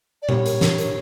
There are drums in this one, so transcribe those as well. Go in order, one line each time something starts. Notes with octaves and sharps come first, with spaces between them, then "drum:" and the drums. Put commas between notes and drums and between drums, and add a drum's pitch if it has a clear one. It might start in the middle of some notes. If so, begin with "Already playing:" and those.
D5
G3 C#5, drum: tom A#2
A#4, drum: hi-hat
A#4, drum: snare
A#4, drum: hi-hat